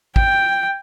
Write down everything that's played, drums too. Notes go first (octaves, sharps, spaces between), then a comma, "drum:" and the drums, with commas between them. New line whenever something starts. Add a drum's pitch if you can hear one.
G5, drum: kick